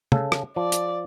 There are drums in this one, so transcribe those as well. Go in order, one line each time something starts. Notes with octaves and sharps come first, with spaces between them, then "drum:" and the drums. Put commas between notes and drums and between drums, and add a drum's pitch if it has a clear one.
C#3 A4, drum: tom
drum: rim click
F3 D5
drum: hi-hat